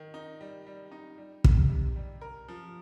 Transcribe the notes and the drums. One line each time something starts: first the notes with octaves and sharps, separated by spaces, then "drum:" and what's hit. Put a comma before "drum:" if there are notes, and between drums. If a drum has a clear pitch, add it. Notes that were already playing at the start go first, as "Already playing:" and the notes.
Already playing: D#3
D#4
G3
G3
D#4
G3
C3, drum: kick
C3
G3
A#4
F3